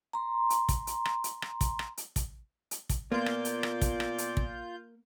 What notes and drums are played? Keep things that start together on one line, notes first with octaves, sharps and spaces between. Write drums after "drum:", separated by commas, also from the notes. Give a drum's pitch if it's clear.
A#5 C6
drum: hi-hat
drum: kick, hi-hat
drum: hi-hat
drum: rim click
drum: hi-hat
drum: rim click
drum: kick, hi-hat
drum: rim click
drum: hi-hat
drum: kick, hi-hat
drum: hi-hat
drum: kick, hi-hat
A#2 A#3 B3 F4 D5 G6
drum: rim click
drum: hi-hat
drum: rim click
drum: kick, hi-hat
drum: rim click
drum: hi-hat
drum: kick